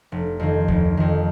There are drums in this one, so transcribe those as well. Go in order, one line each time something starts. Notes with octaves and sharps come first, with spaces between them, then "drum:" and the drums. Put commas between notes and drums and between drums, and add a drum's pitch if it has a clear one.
F1
F2 D#3
F1, drum: kick D2
F2 D#3